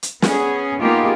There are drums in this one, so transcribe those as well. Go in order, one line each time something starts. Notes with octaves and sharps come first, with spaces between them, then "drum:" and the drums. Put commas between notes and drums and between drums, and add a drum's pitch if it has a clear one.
drum: hi-hat
B3 C#4 G#4, drum: snare
A#3 B3 D#4 F4 G4 G#4